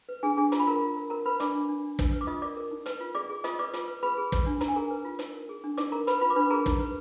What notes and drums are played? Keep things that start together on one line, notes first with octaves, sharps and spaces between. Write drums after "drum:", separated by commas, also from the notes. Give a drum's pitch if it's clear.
B4
D4 G#4 G#5
D4 G#4 G#5
F4 A#5, drum: hi-hat
B5
F4 A#4 A#5
F4
A#4
A#4 A#5
A#4 B4 B5
D4 D5 D6, drum: hi-hat
D4
D4
D4
D4, drum: kick, hi-hat
B4
D6
F4 D#5 D#6
A#4 D5 D6
A#4
D#4
B4, drum: hi-hat
F4
G#4 D5 D6
G#4
F4 D#5 D#6, drum: hi-hat
B4 D5 D6
F4, drum: hi-hat
B4
G#4 B4 B5
G#4
B4, drum: kick, hi-hat
D4
D#4 A#5, drum: hi-hat
G#5
G#4 A#4 A#5
B4
F4
D#4, drum: hi-hat
A#4
G#4
D4
D#4 D5 D6, drum: hi-hat
A#4 A#5
B4 B5, drum: hi-hat
F4 B4 B5
D6
D4 B4 B5
G#4 A#4 A#5
D#4, drum: kick, hi-hat
B4